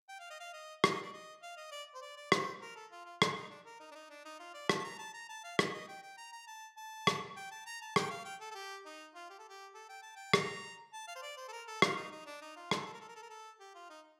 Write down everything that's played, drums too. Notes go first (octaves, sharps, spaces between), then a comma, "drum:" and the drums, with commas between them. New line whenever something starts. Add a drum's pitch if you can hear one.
G5
F5
D#5
F5
D#5
D#5, drum: rim click
D5
D#5
F5
D#5
D5
C5
D5
D5
C5, drum: rim click
A#4
A4
F4
F4
F4, drum: rim click
D#4
D4
A#4
D#4
D4
D#4
D4
D#4
F4
D5
A5, drum: rim click
A5
A#5
A5
A#5
A5
F5
D#5, drum: rim click
D#5
G5
G5
A#5
A#5
A5
A5
drum: rim click
G5
A5
A#5
A5
G5, drum: rim click
F5
G5
A4
A4
G4
D#4
F4
G4
A4
G4
A4
G5
A5
G5
A#5, drum: rim click
A5
F5
C5
D5
C5
A4
A#4
A4
F4, drum: rim click
D#4
D#4
D4
D#4
F4
A4, drum: rim click
A4
A#4
A4
A#4
A4
A#4
A4
G4
F4
D#4